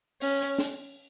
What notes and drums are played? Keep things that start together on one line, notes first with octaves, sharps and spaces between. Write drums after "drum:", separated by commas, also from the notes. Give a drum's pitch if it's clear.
C#4, drum: open hi-hat
drum: snare